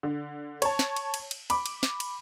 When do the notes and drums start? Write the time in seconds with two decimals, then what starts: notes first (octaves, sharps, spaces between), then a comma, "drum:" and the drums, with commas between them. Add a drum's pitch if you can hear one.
0.03 D3
0.62 C#5 A5, drum: cymbal
0.79 drum: snare
0.96 drum: cymbal
1.14 drum: cymbal
1.31 drum: cymbal
1.50 B5 D6, drum: cymbal
1.66 drum: cymbal
1.83 drum: snare
2.00 drum: cymbal